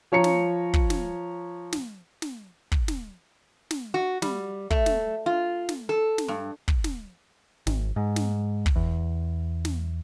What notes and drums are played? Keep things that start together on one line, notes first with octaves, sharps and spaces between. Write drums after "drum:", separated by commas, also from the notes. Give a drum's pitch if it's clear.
F3 C#5 A#5 C#7
drum: snare
drum: kick
drum: snare
drum: snare
drum: snare
drum: kick
drum: snare
drum: snare
F#4
G3, drum: snare
A3, drum: kick
drum: snare
F4
drum: snare
A4
drum: snare
G2
drum: kick
drum: snare
G#1, drum: snare
G#2
drum: snare
drum: kick
E2
drum: snare